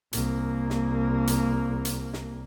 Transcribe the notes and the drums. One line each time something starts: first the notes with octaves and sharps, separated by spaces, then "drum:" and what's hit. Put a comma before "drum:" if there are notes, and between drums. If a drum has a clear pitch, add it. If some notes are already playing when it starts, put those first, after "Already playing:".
C2 A#3, drum: hi-hat
drum: snare
drum: hi-hat
drum: hi-hat
drum: snare